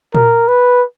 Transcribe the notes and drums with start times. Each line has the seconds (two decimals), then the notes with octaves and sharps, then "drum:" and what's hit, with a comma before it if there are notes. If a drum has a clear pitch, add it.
0.15 A#4, drum: tom A#2
0.48 B4